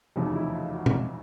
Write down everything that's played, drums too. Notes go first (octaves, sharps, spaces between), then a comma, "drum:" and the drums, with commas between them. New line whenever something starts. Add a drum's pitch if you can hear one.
F1 E2 C#3 F#3 A3 D#4
E4
F4
F#4
drum: tom A#2